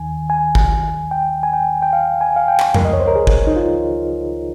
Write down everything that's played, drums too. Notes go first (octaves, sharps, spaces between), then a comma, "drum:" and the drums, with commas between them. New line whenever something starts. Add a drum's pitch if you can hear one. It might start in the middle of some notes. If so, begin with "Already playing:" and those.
Already playing: D#2 D#3 G#5
G#5
drum: kick
G5
G#5
G5
G5
F5
G#5
F5
G5
drum: clap
C#2 C#3 F3 A#4, drum: tom F2
D#5
C#5
C5
A#4
G#4
drum: kick
D#4
F4